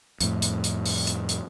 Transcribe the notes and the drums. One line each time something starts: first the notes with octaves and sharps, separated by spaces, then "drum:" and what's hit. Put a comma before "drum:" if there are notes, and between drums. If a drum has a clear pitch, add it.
F2 A2, drum: hi-hat
drum: hi-hat
drum: hi-hat
drum: open hi-hat
drum: hi-hat
drum: hi-hat